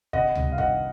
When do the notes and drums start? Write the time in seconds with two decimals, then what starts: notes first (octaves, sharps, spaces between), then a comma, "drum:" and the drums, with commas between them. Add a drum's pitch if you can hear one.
0.13 C3 D#5 F#5, drum: kick
0.35 C2, drum: tom C#2
0.52 F5
0.58 D#3 D#5 F#5, drum: kick